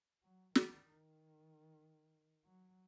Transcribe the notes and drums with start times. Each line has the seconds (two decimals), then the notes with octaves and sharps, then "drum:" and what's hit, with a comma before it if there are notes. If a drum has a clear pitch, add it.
0.23 F#3
0.55 D#3, drum: snare
0.87 D#3
2.45 F#3